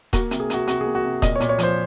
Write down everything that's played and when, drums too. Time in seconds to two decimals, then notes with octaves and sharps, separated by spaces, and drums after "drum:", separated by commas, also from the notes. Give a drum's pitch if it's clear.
0.13 A#3 F#4, drum: kick D#1, hi-hat
0.31 C3, drum: hi-hat
0.40 G#4
0.50 C3 F#4, drum: hi-hat
0.67 C3 F#4, drum: hi-hat
0.81 G#4
0.86 A#3
0.95 F#4
1.04 C3
1.22 A#2 D#5, drum: kick D#1, hi-hat
1.36 C#5
1.40 A#2, drum: hi-hat
1.49 C#5
1.58 F3 C5, drum: hi-hat